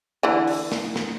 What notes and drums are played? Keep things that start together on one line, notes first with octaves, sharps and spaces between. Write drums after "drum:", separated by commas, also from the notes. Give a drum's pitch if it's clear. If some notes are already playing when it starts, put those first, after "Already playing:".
D3 E3
drum: open hi-hat
drum: snare
drum: snare